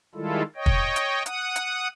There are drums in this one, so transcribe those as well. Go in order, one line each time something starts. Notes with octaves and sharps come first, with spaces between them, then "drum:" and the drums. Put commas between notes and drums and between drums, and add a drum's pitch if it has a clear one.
D#3 G3 G#3 E4 F4 A4
C#5 D#5 G5
drum: kick
drum: hi-hat
F#5 D#6, drum: hi-hat
drum: hi-hat